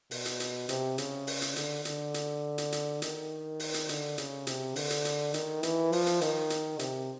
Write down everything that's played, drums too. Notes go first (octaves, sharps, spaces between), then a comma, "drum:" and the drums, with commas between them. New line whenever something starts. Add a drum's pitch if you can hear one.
B2, drum: open hi-hat
drum: hi-hat
drum: hi-hat
C3, drum: hi-hat
C#3, drum: hi-hat
drum: open hi-hat
drum: hi-hat
D3, drum: hi-hat
D3, drum: hi-hat
drum: hi-hat
drum: hi-hat
drum: hi-hat
D#3, drum: hi-hat
drum: open hi-hat
drum: hi-hat
D3, drum: hi-hat
C#3, drum: hi-hat
C3, drum: hi-hat
D3, drum: open hi-hat
drum: hi-hat
drum: hi-hat
D#3, drum: hi-hat
E3, drum: hi-hat
F3, drum: open hi-hat
drum: hi-hat
D#3, drum: hi-hat
drum: hi-hat
C3, drum: hi-hat